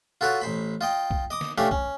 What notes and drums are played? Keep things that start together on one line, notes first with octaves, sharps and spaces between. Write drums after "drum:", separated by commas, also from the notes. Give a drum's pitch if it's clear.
F4 F#4 A4 B4 C#5 F#5
A1 C5 B5
F4 D#5 G5
drum: kick B1
D#5 D6 D#6
drum: snare
A3 C#4 D4 G4 F5
C#4, drum: kick B1